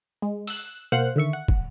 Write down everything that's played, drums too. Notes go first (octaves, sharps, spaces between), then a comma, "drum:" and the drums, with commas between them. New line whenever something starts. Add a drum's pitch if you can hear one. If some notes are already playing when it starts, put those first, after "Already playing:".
G#3
E6 F#6, drum: open hi-hat
B2 A#3 C5 F5 F#5 F#6
D3 D#3 E5 C#6
F#5
drum: kick